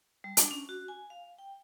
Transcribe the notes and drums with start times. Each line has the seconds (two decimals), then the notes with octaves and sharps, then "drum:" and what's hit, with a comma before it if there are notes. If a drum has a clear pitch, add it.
0.24 G3
0.37 D4, drum: hi-hat
0.51 C#4
0.69 F#4
0.88 G#5
1.10 F5
1.39 G5